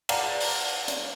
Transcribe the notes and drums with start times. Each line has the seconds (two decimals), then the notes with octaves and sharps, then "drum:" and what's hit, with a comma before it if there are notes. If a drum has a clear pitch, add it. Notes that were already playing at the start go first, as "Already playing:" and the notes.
0.09 D5 F5 F#5 A5 A#5, drum: cymbal
0.40 drum: open hi-hat
0.88 drum: hi-hat